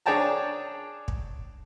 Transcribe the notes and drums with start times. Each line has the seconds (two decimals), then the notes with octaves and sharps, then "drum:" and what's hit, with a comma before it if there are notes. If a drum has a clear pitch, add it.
0.06 D4 G#4 C#5 G5 A5 A#5
1.08 drum: kick